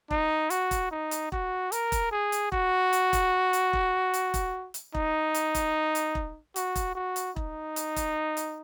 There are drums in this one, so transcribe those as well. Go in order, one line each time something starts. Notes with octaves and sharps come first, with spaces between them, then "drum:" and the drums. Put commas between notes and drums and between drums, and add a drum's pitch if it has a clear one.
D#4, drum: kick E1
F#4, drum: hi-hat
drum: kick E1, hi-hat
D#4
drum: hi-hat
F#4, drum: kick E1
A#4, drum: hi-hat
drum: kick E1, hi-hat
G#4
drum: hi-hat
F#4, drum: kick E1
drum: hi-hat
drum: kick E1, hi-hat
drum: hi-hat
drum: kick E1
drum: hi-hat
drum: kick E1, hi-hat
drum: hi-hat
D#4, drum: kick E1
drum: hi-hat
drum: kick E1, hi-hat
drum: hi-hat
drum: kick E1
F#4, drum: hi-hat
drum: kick E1, hi-hat
F#4
drum: hi-hat
D#4, drum: kick E1
drum: hi-hat
drum: kick E1, hi-hat
drum: hi-hat